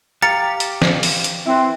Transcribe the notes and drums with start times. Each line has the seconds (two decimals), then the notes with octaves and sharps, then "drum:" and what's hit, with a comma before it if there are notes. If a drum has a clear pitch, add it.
0.22 G4 F5 A#5 A6 C#7
0.60 drum: hi-hat
0.82 drum: snare
1.03 drum: open hi-hat
1.24 drum: hi-hat
1.46 C4 E4 B4